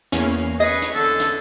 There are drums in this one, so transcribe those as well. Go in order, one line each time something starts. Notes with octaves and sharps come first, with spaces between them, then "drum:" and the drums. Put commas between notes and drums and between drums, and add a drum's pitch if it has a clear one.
E2 A#3 C#4, drum: hi-hat
G#4 B4 D#5 C#6
drum: hi-hat
D3 A4
drum: hi-hat